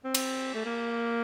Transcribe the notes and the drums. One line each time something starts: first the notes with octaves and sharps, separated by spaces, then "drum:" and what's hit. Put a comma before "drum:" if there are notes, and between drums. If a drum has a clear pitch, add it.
C4
drum: cymbal
A3
A#3